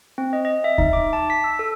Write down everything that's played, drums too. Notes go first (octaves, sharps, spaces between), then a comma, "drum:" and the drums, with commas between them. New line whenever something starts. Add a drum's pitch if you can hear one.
C4
D#5
D#5
E5
D#4, drum: kick D2
D6
A5
B6
E6
A4